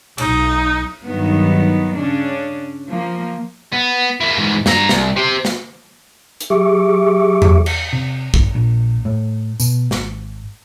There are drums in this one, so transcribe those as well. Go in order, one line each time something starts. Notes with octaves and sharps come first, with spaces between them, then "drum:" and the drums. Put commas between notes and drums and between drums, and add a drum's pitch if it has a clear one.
B1 D#4, drum: cymbal
G2 D#3 F#3 B3
C#3 C#4 D4
F3 A#3
B3
A#3 E4
G#2 E3
G2 A#5, drum: snare
C2, drum: snare
G4 C5
drum: snare
drum: hi-hat
F#3 G4 G#4 E5 C#6 D6
drum: tom E2
drum: cymbal
C3
G1, drum: kick A#1
A#1
A2
B2, drum: tambourine
G#1, drum: snare